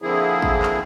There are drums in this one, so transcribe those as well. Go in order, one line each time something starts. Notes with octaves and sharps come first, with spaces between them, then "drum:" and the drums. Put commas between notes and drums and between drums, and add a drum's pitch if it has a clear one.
D3 F3 A#3 C4 E4 G#4
drum: kick
drum: clap